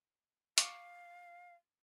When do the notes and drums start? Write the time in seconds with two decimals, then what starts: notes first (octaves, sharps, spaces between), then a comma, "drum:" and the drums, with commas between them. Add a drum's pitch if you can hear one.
0.58 F5 C#6 D6, drum: hi-hat